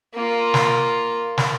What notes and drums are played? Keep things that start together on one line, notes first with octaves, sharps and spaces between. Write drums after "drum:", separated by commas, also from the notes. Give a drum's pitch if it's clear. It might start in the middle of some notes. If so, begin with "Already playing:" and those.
A#3 F4
drum: snare
drum: snare